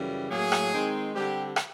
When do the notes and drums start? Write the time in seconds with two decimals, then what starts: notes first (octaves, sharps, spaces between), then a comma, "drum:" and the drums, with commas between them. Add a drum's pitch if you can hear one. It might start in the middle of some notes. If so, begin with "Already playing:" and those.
Already playing: F#2 C#3 E3 G3
0.30 A2 F#3 A#3 G#4
0.52 drum: rim click
0.73 D#3 G#3 C4 D#4
1.15 D3 G3 C4 G4
1.56 drum: rim click